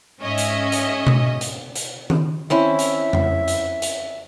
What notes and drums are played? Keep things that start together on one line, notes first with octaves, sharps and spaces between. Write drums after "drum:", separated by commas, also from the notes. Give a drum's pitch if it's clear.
G#2 C#4 D#5 E5
drum: hi-hat
drum: hi-hat
drum: tom B2
drum: hi-hat
drum: hi-hat
drum: tom D#3
C4 C#4 E4 E5
drum: hi-hat
drum: tom F2
drum: hi-hat
drum: hi-hat